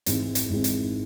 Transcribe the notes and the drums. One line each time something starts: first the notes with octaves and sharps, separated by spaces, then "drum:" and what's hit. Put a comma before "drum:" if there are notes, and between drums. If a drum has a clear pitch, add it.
G#1 G#2 E3 G#3 C4, drum: hi-hat
drum: hi-hat
G#1 G#2 E3 G#3 C4
drum: hi-hat